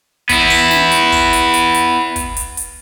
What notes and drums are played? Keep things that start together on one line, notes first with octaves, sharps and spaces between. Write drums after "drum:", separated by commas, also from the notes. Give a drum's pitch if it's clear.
B3 E4, drum: kick, hi-hat
drum: open hi-hat
drum: snare
drum: hi-hat
drum: kick, open hi-hat
drum: hi-hat
drum: hi-hat
drum: hi-hat
drum: kick, hi-hat
drum: hi-hat
drum: hi-hat